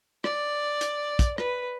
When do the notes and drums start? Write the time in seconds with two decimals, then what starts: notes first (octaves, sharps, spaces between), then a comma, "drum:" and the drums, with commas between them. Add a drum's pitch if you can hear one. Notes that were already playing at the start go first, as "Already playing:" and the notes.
0.24 D5, drum: rim click
0.81 drum: hi-hat
1.19 drum: kick, hi-hat
1.38 B4, drum: rim click